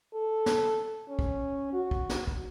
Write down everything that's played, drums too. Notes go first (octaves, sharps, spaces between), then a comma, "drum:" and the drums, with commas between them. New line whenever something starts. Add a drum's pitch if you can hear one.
A4
drum: snare
C#4
drum: kick
F#4
drum: kick
drum: snare
drum: kick